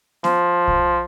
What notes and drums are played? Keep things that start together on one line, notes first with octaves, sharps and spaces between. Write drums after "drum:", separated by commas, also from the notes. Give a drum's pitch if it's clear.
F3, drum: snare B3
drum: kick